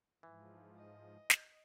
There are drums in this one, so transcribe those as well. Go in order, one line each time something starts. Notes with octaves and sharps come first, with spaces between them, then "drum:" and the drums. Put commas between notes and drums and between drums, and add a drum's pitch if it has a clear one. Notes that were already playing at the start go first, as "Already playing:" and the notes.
G#2 E3 F3
D#5
drum: snare